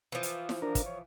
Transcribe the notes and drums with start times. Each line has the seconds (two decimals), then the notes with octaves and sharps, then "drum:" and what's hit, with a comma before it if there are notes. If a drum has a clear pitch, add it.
0.12 E3 F3
0.23 drum: hi-hat
0.49 drum: snare E4
0.62 D4 A#4
0.75 drum: kick, hi-hat
0.86 C#5